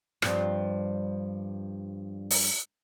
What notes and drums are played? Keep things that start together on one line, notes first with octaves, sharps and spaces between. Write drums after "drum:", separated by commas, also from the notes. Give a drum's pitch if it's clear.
G2 F3 C4, drum: rim click
drum: open hi-hat